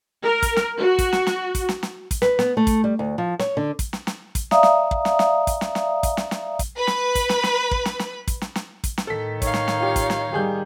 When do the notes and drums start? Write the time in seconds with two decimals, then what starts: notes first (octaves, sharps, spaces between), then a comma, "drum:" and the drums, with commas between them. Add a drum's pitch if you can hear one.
0.24 A#4
0.42 drum: kick, hi-hat
0.56 drum: snare
0.79 F#4
0.99 drum: kick, hi-hat
1.13 drum: snare
1.27 drum: snare
1.55 drum: kick, hi-hat
1.69 drum: snare
1.83 drum: snare
2.11 drum: kick, hi-hat
2.22 B4, drum: snare
2.39 B3, drum: snare
2.57 A3
2.67 drum: kick, hi-hat
2.84 G3
2.99 D2
3.18 F3
3.39 C#5, drum: snare
3.57 D3
3.79 drum: kick, hi-hat
3.93 drum: snare
4.07 drum: snare
4.35 drum: kick, hi-hat
4.51 D5 E5 F5 A#5 D#6, drum: snare
4.63 drum: snare
4.91 drum: kick
5.05 drum: snare
5.19 drum: snare
5.47 drum: kick, hi-hat
5.61 drum: snare
5.75 drum: snare
6.03 drum: kick, hi-hat
6.17 drum: snare
6.31 drum: snare
6.59 drum: kick, hi-hat
6.78 B4 B5
6.87 drum: snare
7.15 drum: kick, hi-hat
7.29 drum: snare
7.43 drum: snare
7.71 drum: kick
7.85 drum: snare
7.99 drum: snare
8.27 drum: kick, hi-hat
8.41 drum: snare
8.56 drum: snare
8.84 drum: kick, hi-hat
8.98 drum: snare
9.07 A2 D#3 A4 B6
9.42 D#4 C#5 F5 C#6, drum: kick, hi-hat
9.54 drum: snare
9.68 drum: snare
9.80 F4 G4
9.96 drum: kick, hi-hat
10.10 drum: snare
10.32 D#3 G3 G4 G#4 G6